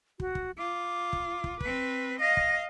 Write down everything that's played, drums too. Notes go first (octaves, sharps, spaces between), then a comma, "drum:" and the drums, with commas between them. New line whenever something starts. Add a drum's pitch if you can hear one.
F#4, drum: kick
drum: kick
F4 D6
drum: kick
drum: kick
C4 B4, drum: kick
D#5 F5 A#6
drum: kick